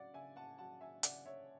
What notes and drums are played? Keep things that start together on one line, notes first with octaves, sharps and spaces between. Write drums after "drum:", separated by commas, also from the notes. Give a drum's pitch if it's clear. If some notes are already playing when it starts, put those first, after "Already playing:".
Already playing: C#3 F#3 D5 F#5
C#3 E5 G#5
F#5 A5
F#3 F#5 A5
E5 G#5
C#3 D5 F#5, drum: hi-hat
C#5 E5